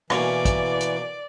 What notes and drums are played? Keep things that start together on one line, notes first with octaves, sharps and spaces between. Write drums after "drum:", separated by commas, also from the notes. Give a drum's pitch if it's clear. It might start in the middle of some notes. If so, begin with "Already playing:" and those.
B2 E3 A#3 C#4 D5, drum: rim click
drum: kick, hi-hat
drum: hi-hat